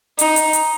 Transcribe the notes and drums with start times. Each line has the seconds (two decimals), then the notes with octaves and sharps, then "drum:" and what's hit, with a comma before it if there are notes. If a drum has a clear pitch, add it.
0.19 D#4, drum: hi-hat
0.36 drum: hi-hat
0.53 drum: hi-hat